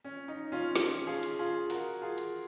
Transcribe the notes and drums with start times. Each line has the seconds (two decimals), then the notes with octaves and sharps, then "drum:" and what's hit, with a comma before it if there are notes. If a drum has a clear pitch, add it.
0.05 C#4
0.28 D#4
0.52 C#4 F4
0.76 drum: snare
1.07 F4 G#4
1.23 drum: hi-hat
1.39 F4 G#4
1.70 F#4 A#4, drum: open hi-hat
2.01 F4 G#4
2.18 drum: hi-hat